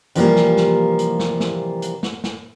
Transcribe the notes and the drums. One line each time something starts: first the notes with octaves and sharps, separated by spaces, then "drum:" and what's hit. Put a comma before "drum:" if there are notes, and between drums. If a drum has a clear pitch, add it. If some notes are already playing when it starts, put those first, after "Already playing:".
C3 E3 F3 G3 G#3 A#3, drum: hi-hat
drum: snare
drum: snare
drum: hi-hat
drum: snare
drum: snare
drum: hi-hat
drum: snare
drum: snare